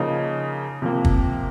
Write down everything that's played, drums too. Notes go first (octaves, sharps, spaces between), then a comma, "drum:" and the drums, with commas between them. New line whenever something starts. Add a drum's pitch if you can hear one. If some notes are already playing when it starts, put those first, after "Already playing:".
Already playing: C#3 F3 A#3 D#4
C3 F3 A#3
drum: kick